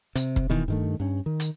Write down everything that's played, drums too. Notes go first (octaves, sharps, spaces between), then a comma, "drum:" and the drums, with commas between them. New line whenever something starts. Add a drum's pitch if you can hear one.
C3, drum: hi-hat
drum: kick
B2 D#3 E3
G2 D#3 A3
G2 C#4
D#3
drum: hi-hat